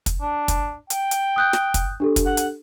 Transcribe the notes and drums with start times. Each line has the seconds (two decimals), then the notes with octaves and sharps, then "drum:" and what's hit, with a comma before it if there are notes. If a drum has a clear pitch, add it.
0.06 drum: kick, hi-hat
0.21 D4
0.48 drum: kick, hi-hat
0.90 G5, drum: hi-hat
1.11 drum: hi-hat
1.36 D#6 F#6 G6
1.53 drum: snare
1.74 drum: kick, hi-hat
2.00 D4 G4 A4
2.16 drum: kick, hi-hat
2.26 F#5
2.37 drum: hi-hat